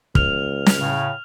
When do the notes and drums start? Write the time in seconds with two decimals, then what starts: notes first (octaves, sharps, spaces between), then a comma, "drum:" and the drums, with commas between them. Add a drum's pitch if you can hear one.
0.15 C#2 F6 F7, drum: kick
0.66 drum: snare
0.78 A2 C#3